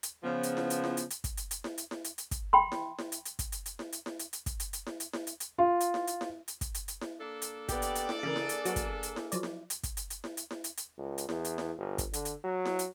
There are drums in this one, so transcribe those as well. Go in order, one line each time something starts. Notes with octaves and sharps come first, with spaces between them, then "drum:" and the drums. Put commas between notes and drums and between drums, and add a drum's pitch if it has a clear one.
drum: hi-hat
C#3 F3 B3
drum: hi-hat
drum: snare E4
drum: hi-hat
drum: snare E4
drum: hi-hat
drum: hi-hat
drum: kick, hi-hat
drum: hi-hat
drum: hi-hat
drum: snare E4
drum: hi-hat
drum: snare E4
drum: hi-hat
drum: hi-hat
drum: kick, hi-hat
G5 B5 C6
drum: snare E4
drum: snare E4
drum: hi-hat
drum: hi-hat
drum: kick, hi-hat
drum: hi-hat
drum: hi-hat
drum: snare E4
drum: hi-hat
drum: snare E4
drum: hi-hat
drum: hi-hat
drum: kick, hi-hat
drum: hi-hat
drum: hi-hat
drum: snare E4
drum: hi-hat
drum: snare E4
drum: hi-hat
drum: hi-hat
F4
drum: hi-hat
drum: snare E4
drum: hi-hat
drum: snare E4
drum: hi-hat
drum: kick, hi-hat
drum: hi-hat
drum: hi-hat
drum: snare E4
A#3 D4 A4
drum: hi-hat
B3 G4 D5, drum: kick, hi-hat
drum: hi-hat
drum: hi-hat
drum: snare E4
C#3 E3 G#4 A#4
drum: snare E4
drum: hi-hat
F#3 B3 F#4, drum: hi-hat
drum: kick, hi-hat
drum: hi-hat
drum: snare E4
F3 F#3 D5, drum: hi-hat
drum: snare E4
drum: hi-hat
drum: kick, hi-hat
drum: hi-hat
drum: hi-hat
drum: snare E4
drum: hi-hat
drum: snare E4
drum: hi-hat
drum: hi-hat
C#2
drum: hi-hat
E2, drum: snare E4
drum: hi-hat
drum: snare E4
G1
drum: kick, hi-hat
D3, drum: hi-hat
drum: hi-hat
F#3
drum: snare E4
drum: hi-hat